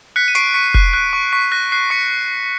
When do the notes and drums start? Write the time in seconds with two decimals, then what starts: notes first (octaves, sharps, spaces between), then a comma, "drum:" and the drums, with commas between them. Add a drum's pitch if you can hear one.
0.16 F#6 B6 C#7
0.28 D#7
0.35 C#6 C7 D7, drum: hi-hat
0.54 C#6 B6 C#7
0.74 F#6, drum: kick F1
0.93 F#6
1.13 C#6
1.33 C#6 B6
1.52 F#6 A#6
1.72 F#6 C7
1.90 C#6 B6 C#7